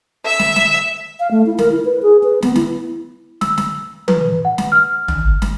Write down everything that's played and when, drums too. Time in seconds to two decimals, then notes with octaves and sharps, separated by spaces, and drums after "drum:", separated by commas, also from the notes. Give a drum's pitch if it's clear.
0.25 E5
0.39 drum: snare
0.56 drum: snare
1.19 F5
1.31 A3
1.46 E4
1.59 A#4, drum: snare
1.72 E4
1.85 B4
2.03 G#4
2.24 B4
2.42 B3, drum: snare
2.55 E4, drum: snare
3.41 E6, drum: snare
3.58 drum: snare
4.08 B4, drum: tom E3
4.45 F#5
4.58 drum: snare
4.72 F6
5.08 drum: tom
5.42 drum: snare